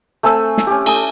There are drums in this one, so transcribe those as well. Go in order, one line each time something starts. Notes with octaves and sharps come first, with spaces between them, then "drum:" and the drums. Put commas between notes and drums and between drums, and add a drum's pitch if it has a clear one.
A3 C4 G#5 E6
drum: snare
C#4 G4
A3 G#5 D#6, drum: cymbal